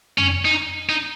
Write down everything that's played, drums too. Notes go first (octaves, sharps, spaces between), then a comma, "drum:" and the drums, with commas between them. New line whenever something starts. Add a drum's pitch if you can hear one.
C#4, drum: tom F2
D#4
D#4